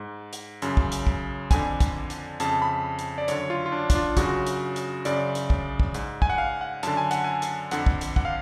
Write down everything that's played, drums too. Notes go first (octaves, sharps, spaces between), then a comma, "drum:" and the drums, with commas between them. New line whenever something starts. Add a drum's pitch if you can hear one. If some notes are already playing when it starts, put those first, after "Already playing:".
Already playing: G#2
drum: hi-hat
F#2 C#3, drum: hi-hat
drum: kick
drum: hi-hat
drum: kick
F2 D3 G#5, drum: kick, hi-hat
drum: kick, hi-hat
drum: hi-hat
F2 C#3 A5, drum: hi-hat
B5
drum: hi-hat
D5
F#2 D3 C#5, drum: hi-hat
F4
F4
D4
D4, drum: kick, hi-hat
F4
F#2 C#3 F#4, drum: kick, hi-hat
drum: hi-hat
drum: hi-hat
F#2 C#3 D5, drum: hi-hat
drum: hi-hat
drum: kick
drum: kick
G#2, drum: hi-hat
G#5, drum: kick
F#5
F5
F#5
F#2 D3 A5, drum: hi-hat
G#5
F#5, drum: hi-hat
G#5
drum: hi-hat
F2 D3 F#5, drum: hi-hat
drum: kick
drum: hi-hat
F#5, drum: kick
F5